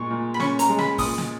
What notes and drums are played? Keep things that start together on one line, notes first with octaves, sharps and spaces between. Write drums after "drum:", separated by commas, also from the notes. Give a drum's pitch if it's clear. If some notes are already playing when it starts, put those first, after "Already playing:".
Already playing: A#2 G#3 C#6
A#2
B5
C#4 C#6, drum: snare
A#5, drum: hi-hat
G#3
B5, drum: snare
A#2 D#6, drum: kick, open hi-hat
drum: snare